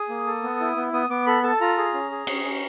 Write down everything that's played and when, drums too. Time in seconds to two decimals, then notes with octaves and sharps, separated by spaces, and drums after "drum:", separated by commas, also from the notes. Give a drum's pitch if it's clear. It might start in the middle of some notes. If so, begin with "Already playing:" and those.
Already playing: G#4 D#6
0.09 A#3
0.26 A4
0.43 B3
0.60 E4
0.76 B3
0.93 B3 D#6
1.10 B3 D6
1.26 A4 B5
1.43 A4 A5
1.61 F4 A#5
1.78 G#4
1.94 C#4
2.11 G#4
2.27 C#4, drum: cymbal
2.44 C#4